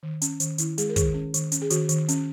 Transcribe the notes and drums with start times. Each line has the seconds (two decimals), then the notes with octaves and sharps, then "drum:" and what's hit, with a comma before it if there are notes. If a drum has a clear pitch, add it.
0.03 D#3
0.22 C#4, drum: hi-hat
0.40 D#3, drum: hi-hat
0.58 D#3 E4, drum: hi-hat
0.78 G#3 G#4, drum: hi-hat
0.89 A#4
0.96 D#3 G#4, drum: kick, hi-hat
1.14 C#4
1.34 D#3, drum: hi-hat
1.52 C#4, drum: hi-hat
1.62 G#4
1.70 D#3 F#4, drum: hi-hat
1.89 D#3, drum: hi-hat
2.09 C#4, drum: hi-hat